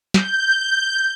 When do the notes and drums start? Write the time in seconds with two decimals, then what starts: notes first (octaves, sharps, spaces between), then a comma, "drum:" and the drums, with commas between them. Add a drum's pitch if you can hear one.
0.14 G6, drum: snare